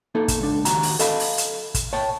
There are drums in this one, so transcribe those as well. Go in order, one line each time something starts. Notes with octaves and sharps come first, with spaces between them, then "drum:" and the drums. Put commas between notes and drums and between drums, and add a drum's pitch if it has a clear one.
A#3 D#4 A4
drum: kick, hi-hat
C#2 D4
D#2 F#4 A#5, drum: hi-hat
drum: open hi-hat
A4 D#5 F5 B5, drum: hi-hat
drum: open hi-hat
drum: hi-hat
drum: kick, hi-hat
C#5 G5 A5